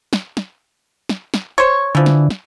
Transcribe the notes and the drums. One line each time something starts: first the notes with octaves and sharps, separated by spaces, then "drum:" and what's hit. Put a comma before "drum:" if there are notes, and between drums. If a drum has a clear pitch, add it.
drum: snare
drum: snare
drum: snare
drum: snare
C5 C#5
D3 E3 F3
drum: snare
drum: snare